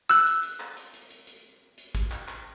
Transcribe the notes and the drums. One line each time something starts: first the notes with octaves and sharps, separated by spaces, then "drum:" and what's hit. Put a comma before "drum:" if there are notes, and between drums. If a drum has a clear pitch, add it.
E6 F#6, drum: hi-hat
drum: hi-hat
drum: hi-hat
drum: clap
drum: hi-hat
drum: hi-hat
drum: hi-hat
drum: hi-hat
drum: hi-hat
drum: kick G#1, hi-hat
drum: clap
drum: clap